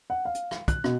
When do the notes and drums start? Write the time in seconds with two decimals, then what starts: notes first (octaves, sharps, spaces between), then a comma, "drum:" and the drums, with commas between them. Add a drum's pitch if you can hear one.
0.10 F#5
0.25 F5
0.35 drum: hi-hat
0.51 drum: rim click
0.68 F#6, drum: kick, hi-hat
0.84 B2, drum: rim click